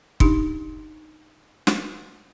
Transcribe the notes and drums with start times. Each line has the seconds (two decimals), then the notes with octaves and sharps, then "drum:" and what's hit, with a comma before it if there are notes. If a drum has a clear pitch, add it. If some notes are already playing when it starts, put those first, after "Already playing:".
0.20 D4 D#4 G4, drum: kick
1.67 drum: snare